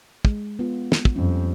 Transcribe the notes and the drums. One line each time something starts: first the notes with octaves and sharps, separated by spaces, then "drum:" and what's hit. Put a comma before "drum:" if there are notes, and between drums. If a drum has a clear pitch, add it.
G#3, drum: kick
B3 F4
drum: snare
drum: kick
F2 G3 C#4